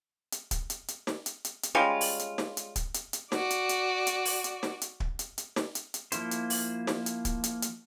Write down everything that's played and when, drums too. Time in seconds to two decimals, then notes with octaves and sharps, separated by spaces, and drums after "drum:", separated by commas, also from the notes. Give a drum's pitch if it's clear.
0.32 drum: hi-hat
0.51 drum: kick, hi-hat
0.70 drum: hi-hat
0.88 drum: hi-hat
1.07 drum: snare
1.26 drum: hi-hat
1.45 drum: hi-hat
1.63 drum: hi-hat
1.75 G3 G#3 C#4 F4
2.01 drum: open hi-hat
2.19 drum: hi-hat
2.38 drum: snare
2.57 drum: hi-hat
2.76 drum: kick, hi-hat
2.94 drum: hi-hat
3.13 drum: hi-hat
3.32 F#4 D5, drum: snare
3.50 drum: hi-hat
3.69 drum: hi-hat
4.07 drum: hi-hat
4.25 drum: open hi-hat
4.44 drum: hi-hat
4.63 drum: snare
4.82 drum: hi-hat
5.00 drum: kick
5.19 drum: hi-hat
5.38 drum: hi-hat
5.56 drum: snare
5.75 drum: hi-hat
5.94 drum: hi-hat
6.12 F3 A#3 E4 C5, drum: hi-hat
6.31 drum: hi-hat
6.50 drum: open hi-hat
6.87 drum: snare
7.06 drum: hi-hat
7.25 drum: kick, hi-hat
7.44 drum: hi-hat
7.62 drum: hi-hat